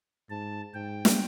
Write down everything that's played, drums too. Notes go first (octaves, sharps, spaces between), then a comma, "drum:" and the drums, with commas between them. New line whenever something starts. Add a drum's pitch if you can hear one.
G#2 A5
G#2 G5
drum: snare